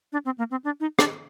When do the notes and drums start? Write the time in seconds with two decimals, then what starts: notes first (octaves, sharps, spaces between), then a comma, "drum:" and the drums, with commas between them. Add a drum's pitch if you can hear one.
0.13 D4
0.25 C4
0.38 A#3
0.51 C4
0.64 D4
0.80 D#4
0.99 D4, drum: rim click